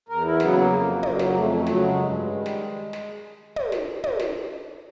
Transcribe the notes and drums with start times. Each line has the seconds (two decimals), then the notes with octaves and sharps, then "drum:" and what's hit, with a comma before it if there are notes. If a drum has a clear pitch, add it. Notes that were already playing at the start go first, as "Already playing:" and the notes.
0.09 E2 A#4
0.24 E4
0.40 C#3 F#3 B3, drum: snare
0.56 A#3
0.72 F2
1.03 C#3, drum: tom
1.08 F#3
1.19 drum: snare
1.35 F2 A3
1.50 A3
1.66 C#3 F#3 A3, drum: snare
1.83 G#3
1.98 G2
2.29 D#3 G3
2.46 drum: snare
2.93 drum: snare
3.56 drum: tom
3.72 drum: snare
4.04 drum: tom
4.19 drum: snare